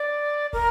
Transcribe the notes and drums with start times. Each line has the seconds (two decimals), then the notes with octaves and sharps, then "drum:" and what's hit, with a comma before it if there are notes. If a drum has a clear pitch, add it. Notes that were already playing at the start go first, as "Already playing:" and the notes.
Already playing: D5
0.53 A#4, drum: kick